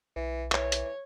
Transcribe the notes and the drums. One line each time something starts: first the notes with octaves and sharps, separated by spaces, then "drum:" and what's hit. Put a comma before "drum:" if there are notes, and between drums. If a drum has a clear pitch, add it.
B1 E3
E3 C#5, drum: clap
drum: hi-hat